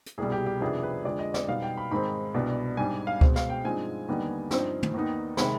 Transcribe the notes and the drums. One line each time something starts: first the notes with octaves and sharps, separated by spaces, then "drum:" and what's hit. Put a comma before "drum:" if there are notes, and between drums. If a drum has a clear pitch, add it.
drum: hi-hat
C2 B2 G3 G#4
G4
G4
F2 C3 D#3 B3 D4 G#4
B4
F2 D3 G#3 D5
D#5
D5, drum: snare
B2 G3 B3 D#4 F5
G5
B5
G#2 D#3 G#3 C4 D#4 B5
C2 B2 B3 D4
G#2 G3 D4 G#5
F5
B2 G#3 C4, drum: kick C#2
F5, drum: snare
G5
G2 F3 G#3 C4 D#4 G#5
D#2 D3 G3 B3 D#4
G2 F3 C4 D#4, drum: snare
drum: tom
D#2 D#3 B3 D#4
C3 D#3 G#3 B5, drum: snare